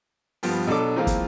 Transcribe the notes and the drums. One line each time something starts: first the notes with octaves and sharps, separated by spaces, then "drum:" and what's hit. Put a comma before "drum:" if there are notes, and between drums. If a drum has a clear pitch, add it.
G2 F3 G3 B3, drum: open hi-hat
B2 F#3 D4 A4 D6
E3 F3 G#3 A#3 C4 F4
drum: kick, hi-hat